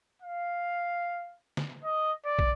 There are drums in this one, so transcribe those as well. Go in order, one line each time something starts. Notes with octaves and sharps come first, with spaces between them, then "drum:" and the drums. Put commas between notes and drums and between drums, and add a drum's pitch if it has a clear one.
F5
drum: snare
D#5
D5
drum: kick